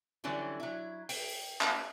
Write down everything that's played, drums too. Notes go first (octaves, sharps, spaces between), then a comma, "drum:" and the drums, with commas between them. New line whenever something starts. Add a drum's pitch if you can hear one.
D3 E3 F#3 G3 C#4
F#3 E4
G5, drum: open hi-hat
drum: clap